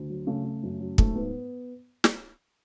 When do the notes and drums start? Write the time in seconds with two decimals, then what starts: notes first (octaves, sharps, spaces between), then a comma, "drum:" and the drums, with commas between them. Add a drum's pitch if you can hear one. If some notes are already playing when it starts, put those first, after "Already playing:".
Already playing: D2
0.10 F#3
0.27 C#3 A3
0.45 C#3
0.63 F#2
0.80 F#3
0.98 G#2 A3, drum: kick
1.15 G#2 B3
2.04 drum: snare